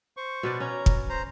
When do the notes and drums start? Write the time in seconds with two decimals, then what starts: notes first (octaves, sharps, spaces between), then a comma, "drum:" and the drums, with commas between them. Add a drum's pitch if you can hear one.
0.17 C5 C#6
0.43 B2 B4 D5
0.60 C#4 A#5
0.86 drum: kick
1.09 C5 A#5